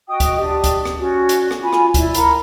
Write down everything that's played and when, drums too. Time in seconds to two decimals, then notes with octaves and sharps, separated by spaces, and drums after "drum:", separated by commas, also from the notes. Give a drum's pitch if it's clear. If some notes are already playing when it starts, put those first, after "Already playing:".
0.08 F#4 D#5 G5 D#6
0.20 drum: kick C#2, hi-hat
0.38 D4 G4 D5 D#6
0.64 drum: kick C#2, hi-hat
0.85 drum: rim click
0.99 C#4 F#4 D5
1.29 drum: hi-hat
1.51 drum: rim click
1.62 F4 G#5 B5
1.73 drum: rim click
1.94 E4 D5, drum: kick C#2, hi-hat
2.14 A#4 F#5 A#5 B5, drum: hi-hat